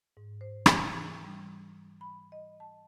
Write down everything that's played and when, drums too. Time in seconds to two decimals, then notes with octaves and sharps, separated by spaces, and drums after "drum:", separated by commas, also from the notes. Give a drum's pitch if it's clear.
0.17 G#2
0.41 C5
0.66 drum: rim click
0.86 E3
1.25 G3
2.01 B5
2.32 D#5
2.60 A5